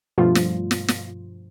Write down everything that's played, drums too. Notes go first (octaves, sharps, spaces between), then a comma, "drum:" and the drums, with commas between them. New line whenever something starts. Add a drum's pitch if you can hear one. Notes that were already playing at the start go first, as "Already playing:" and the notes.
G2 B2 F3 G3 A3 F4
drum: snare
drum: snare
drum: snare